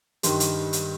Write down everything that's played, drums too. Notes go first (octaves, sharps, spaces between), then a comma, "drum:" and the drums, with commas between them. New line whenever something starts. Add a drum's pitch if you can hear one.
G2 D#3 G3 C6, drum: hi-hat
drum: hi-hat
drum: hi-hat